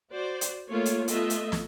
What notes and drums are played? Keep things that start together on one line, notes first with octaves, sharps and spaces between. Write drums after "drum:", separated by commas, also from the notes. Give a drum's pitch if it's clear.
F#4 C5 D5
drum: hi-hat
A3 A#3 F4 C#5
drum: hi-hat
A3 B3 F4 D#5 E5, drum: hi-hat
drum: hi-hat
drum: snare